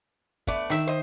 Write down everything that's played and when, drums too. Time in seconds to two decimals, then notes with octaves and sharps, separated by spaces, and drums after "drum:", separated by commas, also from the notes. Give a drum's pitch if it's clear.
0.47 A3 B3 D5, drum: kick, hi-hat
0.70 D#3 E5, drum: open hi-hat
0.87 C5 D#5